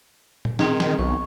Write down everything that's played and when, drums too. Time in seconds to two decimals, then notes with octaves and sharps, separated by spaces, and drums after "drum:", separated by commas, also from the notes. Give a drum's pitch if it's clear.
0.45 drum: tom
0.59 D#3 C4 G#4, drum: snare
0.80 D#3, drum: snare
0.99 B1 C#6